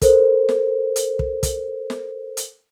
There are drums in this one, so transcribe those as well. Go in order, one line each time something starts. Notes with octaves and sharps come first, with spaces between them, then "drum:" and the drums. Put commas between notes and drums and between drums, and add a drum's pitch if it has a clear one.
A4 A#4 C5, drum: kick, hi-hat
drum: snare
drum: hi-hat
drum: kick
drum: kick, hi-hat
drum: snare
drum: hi-hat